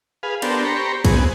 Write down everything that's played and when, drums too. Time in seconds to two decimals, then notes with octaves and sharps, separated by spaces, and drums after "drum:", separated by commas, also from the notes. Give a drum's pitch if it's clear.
0.23 G#4 B4 F5
0.42 B3 D4 G4 A4 A#4 C5, drum: cymbal
0.64 G4 C5 A#5 B5 C#6
1.05 C3 B3 G#4, drum: kick, cymbal